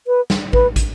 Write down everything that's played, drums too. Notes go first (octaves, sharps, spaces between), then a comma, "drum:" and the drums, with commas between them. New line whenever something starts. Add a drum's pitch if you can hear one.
B4
drum: snare
B4, drum: kick
drum: kick, hi-hat